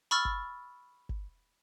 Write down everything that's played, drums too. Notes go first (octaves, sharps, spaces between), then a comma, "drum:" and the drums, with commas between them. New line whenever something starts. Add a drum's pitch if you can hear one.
B5 C#6 E6 F6 A6
drum: kick G1
drum: kick G1